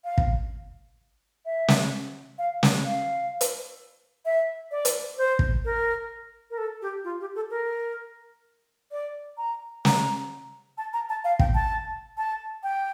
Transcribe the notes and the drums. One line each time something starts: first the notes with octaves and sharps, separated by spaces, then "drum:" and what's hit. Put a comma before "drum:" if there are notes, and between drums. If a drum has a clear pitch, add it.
F5
drum: kick
E5
drum: snare
F5
drum: snare
F5
drum: hi-hat
E5
D5
drum: hi-hat
C5
drum: kick
A#4
A#4
A4
G4
F4
G4
A4
A#4
D5
A#5
A#5, drum: snare
A5
A#5
A5
F5
G5, drum: kick
A5
A5
G5